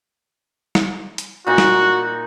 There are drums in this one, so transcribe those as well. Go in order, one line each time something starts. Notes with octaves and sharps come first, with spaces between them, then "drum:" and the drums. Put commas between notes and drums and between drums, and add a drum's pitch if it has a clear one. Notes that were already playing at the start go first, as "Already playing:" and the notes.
drum: snare
drum: hi-hat
A#2 D#4 F#4
drum: snare